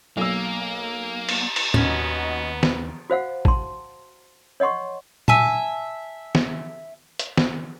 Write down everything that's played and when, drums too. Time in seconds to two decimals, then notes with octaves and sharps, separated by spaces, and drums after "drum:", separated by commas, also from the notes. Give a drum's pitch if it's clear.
0.17 B1 A#3 E6
1.29 drum: cymbal
1.56 drum: cymbal
1.74 D#2 B3 C#4 F#4 D#5, drum: tom
2.63 drum: snare
3.10 F#4 C5 F5 F#5
3.45 A5 C6, drum: kick
4.60 C#5 D#5 F#5 C6 C#6
5.28 E5 G#5 A5, drum: tom
6.35 drum: snare
7.19 drum: hi-hat
7.37 drum: snare